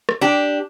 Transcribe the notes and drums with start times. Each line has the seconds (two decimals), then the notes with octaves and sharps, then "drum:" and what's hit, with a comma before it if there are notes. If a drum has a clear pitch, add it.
0.09 drum: rim click
0.21 D4 G4